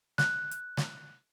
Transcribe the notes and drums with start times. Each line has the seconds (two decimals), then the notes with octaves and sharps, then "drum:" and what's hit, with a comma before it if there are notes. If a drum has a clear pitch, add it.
0.18 F#6, drum: snare
0.51 drum: hi-hat
0.77 drum: snare